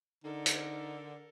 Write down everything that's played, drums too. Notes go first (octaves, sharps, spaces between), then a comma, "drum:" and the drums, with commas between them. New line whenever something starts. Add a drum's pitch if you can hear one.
D3 D#4 A4 A#4
drum: hi-hat